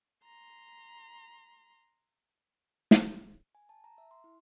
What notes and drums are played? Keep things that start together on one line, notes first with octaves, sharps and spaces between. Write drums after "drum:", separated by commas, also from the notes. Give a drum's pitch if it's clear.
A#5 C6
drum: snare
G#5
A5
A#5
E5
C6
E4